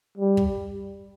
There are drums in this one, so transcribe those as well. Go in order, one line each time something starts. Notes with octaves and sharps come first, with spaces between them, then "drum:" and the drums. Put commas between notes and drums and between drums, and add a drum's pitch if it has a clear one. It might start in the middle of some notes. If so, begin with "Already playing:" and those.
G3
drum: kick